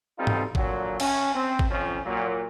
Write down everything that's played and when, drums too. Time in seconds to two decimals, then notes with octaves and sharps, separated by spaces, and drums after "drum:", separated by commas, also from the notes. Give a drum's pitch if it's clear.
0.18 B1 G3 C4 D#4 F4 A4
0.27 drum: tom G#2
0.55 A#2 D3 F#3, drum: kick
1.00 C#4, drum: cymbal
1.35 C4
1.59 drum: kick
1.69 F2 F3 C#4
2.06 A#2 F#3